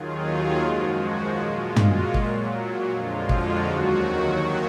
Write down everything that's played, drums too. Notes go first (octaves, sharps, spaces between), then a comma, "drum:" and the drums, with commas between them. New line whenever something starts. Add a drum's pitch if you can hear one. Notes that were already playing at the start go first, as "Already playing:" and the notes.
Already playing: D#2 D#3 F#3 F4 G#4
F#2 F3 G#3 F#4
A#2 G#3 F4
F#4, drum: tom
A#2 F#3, drum: kick
F2 D3 F3 G#3 F4
F#4, drum: kick
D#2 D#3 F#3 F#4